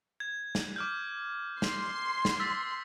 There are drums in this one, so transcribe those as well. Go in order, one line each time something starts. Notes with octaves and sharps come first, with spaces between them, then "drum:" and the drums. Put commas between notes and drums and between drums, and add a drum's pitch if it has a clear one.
G#6
drum: snare
D6 F6 G6
C6, drum: snare
drum: snare
E6 A6 B6